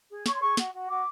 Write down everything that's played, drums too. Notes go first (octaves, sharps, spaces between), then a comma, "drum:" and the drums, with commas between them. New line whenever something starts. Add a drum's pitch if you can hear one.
G#4
C#5 C#6, drum: snare
C6
G#4 C#6
F#4, drum: snare
F#4
F#4 D6